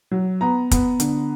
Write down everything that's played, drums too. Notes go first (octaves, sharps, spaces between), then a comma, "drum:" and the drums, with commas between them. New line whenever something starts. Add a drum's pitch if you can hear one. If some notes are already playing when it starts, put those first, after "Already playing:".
F#3
B3 A#5
B3, drum: kick, hi-hat
D3, drum: hi-hat